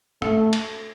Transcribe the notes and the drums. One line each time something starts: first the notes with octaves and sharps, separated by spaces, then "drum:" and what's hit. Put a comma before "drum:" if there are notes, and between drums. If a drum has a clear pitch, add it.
A3, drum: rim click
drum: cymbal